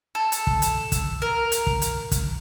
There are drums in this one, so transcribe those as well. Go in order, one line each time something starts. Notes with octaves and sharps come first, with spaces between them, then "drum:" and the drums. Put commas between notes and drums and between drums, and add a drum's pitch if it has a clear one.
A4
drum: hi-hat
drum: kick
drum: hi-hat
drum: kick, hi-hat
A#4
drum: hi-hat
drum: kick
drum: hi-hat
drum: kick, hi-hat